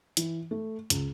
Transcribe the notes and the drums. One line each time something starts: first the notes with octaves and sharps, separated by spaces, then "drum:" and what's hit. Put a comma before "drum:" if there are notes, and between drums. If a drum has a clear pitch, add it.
E3, drum: hi-hat
A3
C#2, drum: hi-hat